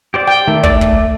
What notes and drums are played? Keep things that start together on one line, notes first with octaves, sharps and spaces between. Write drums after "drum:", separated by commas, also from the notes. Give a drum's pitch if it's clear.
G4 C5 D5
G5
D#3 A3
A3 D5, drum: kick
drum: kick